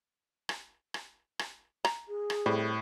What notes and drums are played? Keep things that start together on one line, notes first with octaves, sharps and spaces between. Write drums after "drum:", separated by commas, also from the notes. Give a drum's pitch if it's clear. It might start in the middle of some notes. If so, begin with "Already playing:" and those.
drum: rim click
drum: rim click
drum: rim click
A#5, drum: rim click
G#4
drum: rim click
A2 G3 C4